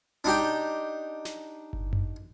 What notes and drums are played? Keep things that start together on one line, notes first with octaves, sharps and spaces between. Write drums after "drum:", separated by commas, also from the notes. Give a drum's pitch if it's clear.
D4 D#4 G4 G5
drum: snare
drum: kick G1
drum: tom F#2